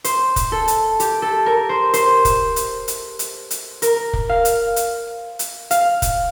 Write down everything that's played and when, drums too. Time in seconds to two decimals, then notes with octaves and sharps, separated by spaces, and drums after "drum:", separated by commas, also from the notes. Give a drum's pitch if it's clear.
0.04 C5, drum: hi-hat
0.36 drum: kick, hi-hat
0.52 A4
0.68 drum: hi-hat
1.00 G4, drum: hi-hat
1.22 A4
1.46 A#4
1.69 C5
1.94 C5, drum: hi-hat
2.25 drum: kick, hi-hat
2.56 drum: hi-hat
2.88 drum: hi-hat
3.19 drum: hi-hat
3.51 drum: hi-hat
3.82 A#4, drum: hi-hat
4.13 drum: kick
4.29 F5
4.45 drum: hi-hat
4.76 drum: hi-hat
5.39 drum: hi-hat
5.71 F5, drum: hi-hat
6.02 drum: kick, hi-hat